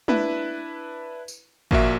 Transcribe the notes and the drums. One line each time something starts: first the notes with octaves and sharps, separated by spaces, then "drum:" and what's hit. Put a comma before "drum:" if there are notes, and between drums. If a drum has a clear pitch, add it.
D4 E4 B4, drum: tom G#3
drum: tambourine
A#1 A#3 F#4 E5, drum: kick